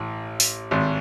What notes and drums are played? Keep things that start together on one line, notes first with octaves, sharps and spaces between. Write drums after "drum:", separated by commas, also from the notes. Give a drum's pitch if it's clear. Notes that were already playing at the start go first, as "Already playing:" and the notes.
Already playing: A1 A2
drum: open hi-hat
G#1 G#2